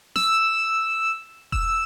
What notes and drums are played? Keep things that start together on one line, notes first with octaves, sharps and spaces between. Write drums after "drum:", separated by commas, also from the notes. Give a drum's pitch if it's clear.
E6, drum: snare
E6, drum: kick E1